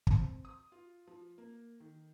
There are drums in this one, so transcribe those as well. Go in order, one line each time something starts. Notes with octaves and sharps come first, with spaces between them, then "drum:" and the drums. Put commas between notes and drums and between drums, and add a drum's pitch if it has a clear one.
C4, drum: kick
D#6
F4
F3
A#3
D#3